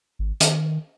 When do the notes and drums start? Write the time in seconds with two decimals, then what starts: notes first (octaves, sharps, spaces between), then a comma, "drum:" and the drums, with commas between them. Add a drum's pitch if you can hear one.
0.19 G#1
0.40 D#3, drum: hi-hat